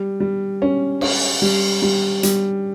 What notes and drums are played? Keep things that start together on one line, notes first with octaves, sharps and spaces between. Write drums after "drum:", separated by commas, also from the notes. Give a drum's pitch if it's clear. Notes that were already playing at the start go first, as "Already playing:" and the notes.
Already playing: G3
G3
C#4
C#4, drum: cymbal
G3
G3
G3, drum: hi-hat